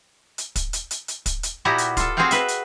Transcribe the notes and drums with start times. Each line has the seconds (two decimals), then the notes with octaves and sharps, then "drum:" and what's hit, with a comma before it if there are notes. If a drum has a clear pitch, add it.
0.38 drum: hi-hat
0.56 drum: kick, hi-hat
0.73 drum: hi-hat
0.91 drum: hi-hat
1.08 drum: hi-hat
1.26 drum: kick, hi-hat
1.43 drum: hi-hat
1.65 A#2 B3 E4 F#4 G4 A#5
1.78 drum: hi-hat
1.97 F4 A4, drum: kick, hi-hat
2.17 C4 F#4 G#4 C5 F5 G5
2.31 B4 E5, drum: hi-hat
2.48 drum: hi-hat